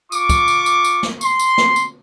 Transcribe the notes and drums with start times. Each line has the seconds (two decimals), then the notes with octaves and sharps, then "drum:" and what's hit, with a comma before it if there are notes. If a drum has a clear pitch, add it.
0.12 F4 C#6 D6, drum: tambourine
0.30 drum: kick, tambourine
0.48 drum: tambourine
0.66 drum: tambourine
0.84 drum: tambourine
1.03 drum: snare
1.21 C6, drum: tambourine
1.39 drum: tambourine
1.58 drum: snare
1.76 drum: tambourine